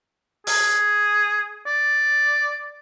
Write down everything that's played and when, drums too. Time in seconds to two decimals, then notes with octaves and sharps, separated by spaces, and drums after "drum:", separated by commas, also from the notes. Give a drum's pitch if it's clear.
0.47 G#4, drum: open hi-hat
1.67 D5